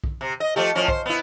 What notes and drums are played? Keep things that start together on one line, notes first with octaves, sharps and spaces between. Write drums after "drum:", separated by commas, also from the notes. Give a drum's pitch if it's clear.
drum: kick B1
C3
D#5
F3 A3 G4
A2 F3 C#4
C5, drum: kick B1
B3 E4